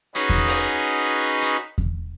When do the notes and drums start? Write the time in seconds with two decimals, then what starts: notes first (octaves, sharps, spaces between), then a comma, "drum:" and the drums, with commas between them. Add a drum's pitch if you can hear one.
0.15 C#4 D#4 F#4 G#4 B4, drum: hi-hat
0.29 drum: kick E2
0.48 drum: open hi-hat
1.42 drum: hi-hat
1.78 drum: kick E2